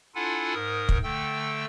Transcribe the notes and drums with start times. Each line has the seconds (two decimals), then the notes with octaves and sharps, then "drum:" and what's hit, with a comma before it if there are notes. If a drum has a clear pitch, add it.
0.15 D4 E4 F4 A4 F#5 G#5
0.54 G#2 A#4 D#6
0.89 drum: kick
1.03 D3 A3 G5 E6